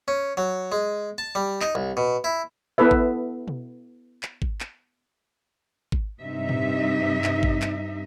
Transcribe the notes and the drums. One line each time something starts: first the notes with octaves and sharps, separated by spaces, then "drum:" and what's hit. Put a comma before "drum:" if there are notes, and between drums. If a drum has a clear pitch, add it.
C#4
F#3
G#3
A5
G3
D#4, drum: clap
C2
B2
E4
B3 E4 A4 B4 E5
drum: kick G#1
drum: tom B2
drum: clap
drum: kick G#1
drum: clap
drum: kick G#1
G2 C3 D#4 D#5 E5
drum: tom A2
drum: clap
drum: kick G#1
drum: clap